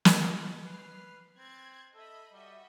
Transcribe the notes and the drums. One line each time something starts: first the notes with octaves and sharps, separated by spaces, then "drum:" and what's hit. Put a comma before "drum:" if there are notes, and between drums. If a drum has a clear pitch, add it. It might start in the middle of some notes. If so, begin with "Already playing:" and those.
drum: snare
D#5
B4 F6 C7
C4 F#6 G#6 A6
A4 D#5 E5 B5
G3 F#4 D#5 E5